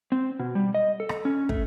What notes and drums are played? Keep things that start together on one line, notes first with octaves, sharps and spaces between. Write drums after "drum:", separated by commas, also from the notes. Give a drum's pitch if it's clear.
C4
B2
G3
D#5
A4
drum: rim click
C#4
A3, drum: kick